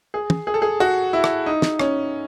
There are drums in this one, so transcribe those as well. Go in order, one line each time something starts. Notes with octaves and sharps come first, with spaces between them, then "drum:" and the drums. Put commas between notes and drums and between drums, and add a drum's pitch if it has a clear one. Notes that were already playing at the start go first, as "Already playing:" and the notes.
G#4
drum: tom
G#4
A4
G#4
F#4
E4
drum: rim click
D#4
drum: snare
C#4, drum: rim click